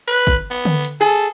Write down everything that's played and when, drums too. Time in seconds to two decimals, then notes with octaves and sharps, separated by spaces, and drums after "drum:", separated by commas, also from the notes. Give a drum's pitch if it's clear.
0.08 B4, drum: open hi-hat
0.27 drum: kick, hi-hat
0.50 B3
0.65 drum: tom D3
0.85 drum: hi-hat
1.01 G#4 A4